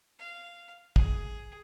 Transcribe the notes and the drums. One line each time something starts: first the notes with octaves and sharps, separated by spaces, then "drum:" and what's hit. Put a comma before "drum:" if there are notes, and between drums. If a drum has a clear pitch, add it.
F5
G#4, drum: kick